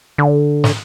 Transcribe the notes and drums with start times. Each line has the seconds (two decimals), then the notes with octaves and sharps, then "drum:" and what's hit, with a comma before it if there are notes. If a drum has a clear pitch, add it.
0.18 D3
0.64 drum: snare